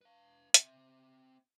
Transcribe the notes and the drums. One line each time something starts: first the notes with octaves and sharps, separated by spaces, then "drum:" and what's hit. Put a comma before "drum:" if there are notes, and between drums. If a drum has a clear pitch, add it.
B4 F5
C4 E5, drum: hi-hat